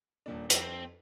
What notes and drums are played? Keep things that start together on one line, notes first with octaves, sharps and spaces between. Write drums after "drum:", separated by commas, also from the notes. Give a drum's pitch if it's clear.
D#1 A#2 D4
F2 C4, drum: hi-hat